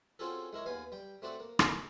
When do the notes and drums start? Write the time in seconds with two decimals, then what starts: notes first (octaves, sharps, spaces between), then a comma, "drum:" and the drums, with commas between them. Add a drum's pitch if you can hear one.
0.19 C4 C#4 F4 F#4 G#4 A4
0.53 G#3 E4 A#4 C#5
0.66 D#2 B3 F5 G#5
0.92 G3 G5
1.22 A3 C4 F#4 D5 F#5
1.40 A#3
1.59 drum: rim click